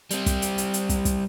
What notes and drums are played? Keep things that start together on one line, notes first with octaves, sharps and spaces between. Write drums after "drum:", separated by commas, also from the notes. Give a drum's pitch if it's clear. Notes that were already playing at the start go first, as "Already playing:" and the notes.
G3 C4, drum: hi-hat
drum: kick, hi-hat
drum: hi-hat
drum: hi-hat
drum: hi-hat
drum: kick, hi-hat
drum: kick, hi-hat